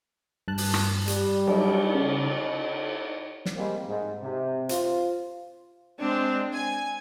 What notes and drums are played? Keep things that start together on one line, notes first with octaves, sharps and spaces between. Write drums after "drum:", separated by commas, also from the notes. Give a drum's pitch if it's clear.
G2 A5 F#6
drum: open hi-hat
drum: rim click
G3, drum: hi-hat
F#3 D4 E4, drum: cymbal
C#3
drum: snare
G3 G#3 A#3 C4
G#2
C3
F4 C5, drum: hi-hat
G#3 C4 D4
G#5